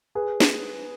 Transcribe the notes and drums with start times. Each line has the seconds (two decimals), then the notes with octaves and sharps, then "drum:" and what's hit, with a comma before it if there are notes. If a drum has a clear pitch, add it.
0.15 G#4 B4
0.40 drum: snare